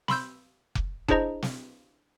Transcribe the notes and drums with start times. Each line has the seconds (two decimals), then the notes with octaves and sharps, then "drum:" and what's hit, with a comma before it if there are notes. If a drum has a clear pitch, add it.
0.08 B5 C6 E6 G6, drum: snare
0.75 drum: kick F1
1.08 D4 E4 G#4 C5 D#5 A#5, drum: kick F1
1.42 drum: snare